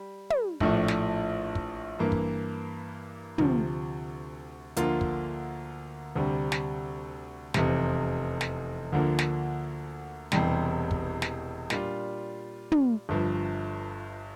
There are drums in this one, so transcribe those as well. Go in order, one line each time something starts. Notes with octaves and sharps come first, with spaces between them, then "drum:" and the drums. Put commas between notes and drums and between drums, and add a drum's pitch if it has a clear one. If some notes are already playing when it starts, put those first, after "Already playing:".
Already playing: G3
drum: tom
A#1 A2 F3 A3 D4, drum: kick
drum: snare
drum: kick
G2 E3 A#3
drum: kick
D2 C3 F3, drum: tom
D2 D3 F3 A#3 F4, drum: hi-hat
drum: kick
D2 C3 G3
drum: snare
F1 E2 C3, drum: snare
drum: snare
D2 D3 F3 A#3
drum: snare
E1 E2 C3 G3 C4, drum: snare
drum: kick
drum: snare
A#2 G3 D4 F4, drum: snare
drum: tom
G1 G2 F3